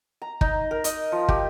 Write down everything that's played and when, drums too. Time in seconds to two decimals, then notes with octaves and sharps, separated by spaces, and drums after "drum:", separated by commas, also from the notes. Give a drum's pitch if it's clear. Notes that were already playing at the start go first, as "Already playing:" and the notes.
0.22 A#5
0.41 D#4, drum: kick
0.71 A#4
0.84 D#5, drum: hi-hat
1.12 F3
1.28 G4, drum: kick